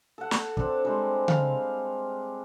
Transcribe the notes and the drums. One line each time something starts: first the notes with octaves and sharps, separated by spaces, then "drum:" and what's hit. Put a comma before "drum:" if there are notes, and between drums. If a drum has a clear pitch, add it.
A4 F#5
drum: snare
C4 D4, drum: kick
G3 G#3 C4 D4
F5, drum: tom C#3